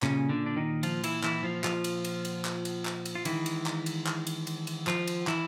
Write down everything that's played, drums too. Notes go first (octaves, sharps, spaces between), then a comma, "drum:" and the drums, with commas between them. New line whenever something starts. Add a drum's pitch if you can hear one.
A#2 C#3 G3 A#3 C#4, drum: clap
D3 D4
D4
D#3 D#4
F3 F4, drum: cymbal
E3 E4, drum: cymbal
E3 E4, drum: clap
F3 F4
F3 F4, drum: clap
drum: cymbal
drum: cymbal
drum: cymbal
drum: clap
drum: cymbal
drum: clap
drum: cymbal
F4
D#3 E3 G#3 E4, drum: cymbal
drum: cymbal
drum: clap
drum: cymbal
drum: clap
drum: cymbal
drum: cymbal
drum: cymbal
F3 F4, drum: clap
drum: cymbal
E3 E4, drum: clap